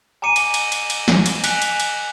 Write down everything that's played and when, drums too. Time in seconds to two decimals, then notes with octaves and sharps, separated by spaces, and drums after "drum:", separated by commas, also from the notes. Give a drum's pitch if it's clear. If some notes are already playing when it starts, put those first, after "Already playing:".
0.22 G#5 A#5 D6 C#7 D#7
0.36 drum: cymbal
0.54 drum: cymbal
0.72 drum: cymbal
0.90 drum: cymbal
1.08 drum: snare
1.26 drum: cymbal
1.44 G#5 F#6 B6 C#7 F7, drum: cymbal
1.62 drum: cymbal
1.80 drum: cymbal